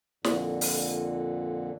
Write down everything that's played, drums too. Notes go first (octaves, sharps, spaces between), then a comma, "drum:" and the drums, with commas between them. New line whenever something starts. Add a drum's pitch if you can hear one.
F2 A#2 D3, drum: snare
drum: open hi-hat